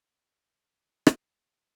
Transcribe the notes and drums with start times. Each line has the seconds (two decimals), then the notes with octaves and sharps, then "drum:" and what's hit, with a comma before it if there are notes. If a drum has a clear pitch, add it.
0.18 E2 E6
0.59 F3 C#5 G5 C#6
1.07 drum: rim click